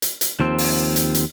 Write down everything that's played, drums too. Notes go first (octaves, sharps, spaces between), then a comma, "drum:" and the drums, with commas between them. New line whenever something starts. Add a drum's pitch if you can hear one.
drum: hi-hat
drum: hi-hat
D#2 F3 C4
drum: open hi-hat
drum: hi-hat
drum: hi-hat